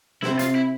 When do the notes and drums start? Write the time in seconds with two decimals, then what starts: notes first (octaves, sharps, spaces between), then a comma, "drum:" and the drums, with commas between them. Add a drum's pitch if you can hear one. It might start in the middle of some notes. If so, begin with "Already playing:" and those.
0.22 C3 C4 E4, drum: snare
0.39 F4, drum: hi-hat
0.55 E4